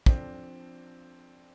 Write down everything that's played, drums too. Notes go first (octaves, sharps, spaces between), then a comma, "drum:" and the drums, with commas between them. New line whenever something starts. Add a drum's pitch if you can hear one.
F3 C4 D4 A4 D5, drum: kick